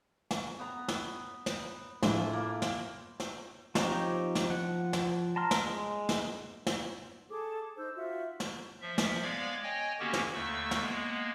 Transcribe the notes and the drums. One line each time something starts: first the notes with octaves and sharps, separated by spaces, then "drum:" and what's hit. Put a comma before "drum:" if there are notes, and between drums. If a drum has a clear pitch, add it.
drum: snare
B3 A#5
drum: snare
drum: snare
A2 E3 F3 G#3 D4 E4 F4, drum: snare
A#3
drum: snare
drum: snare
F3 C4 D#4 G4 C#5, drum: snare
drum: snare
F3 F#5
drum: snare
A5 A#5 C6 F6
drum: snare
G#3
drum: snare
drum: snare
G#4 A4 D6
D#4 C5 E6 G6
F4 F#4 E5 F#5
drum: snare
F3 E5
drum: snare
G#3 B3 D5 F5 D6 G#6
C#5 D#5 G5 G#5
D3 A#3 B3 C#4 F#4 G4
drum: snare
D#2 D3 A3 C#6 E6
drum: snare
G#3 A#3 B3